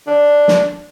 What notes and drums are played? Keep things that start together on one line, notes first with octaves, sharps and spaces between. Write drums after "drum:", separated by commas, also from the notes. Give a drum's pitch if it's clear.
D4
drum: snare